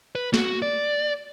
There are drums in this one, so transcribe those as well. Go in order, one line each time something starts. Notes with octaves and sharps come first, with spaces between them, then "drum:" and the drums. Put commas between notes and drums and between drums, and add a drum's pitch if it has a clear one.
B4
F#4, drum: snare
D5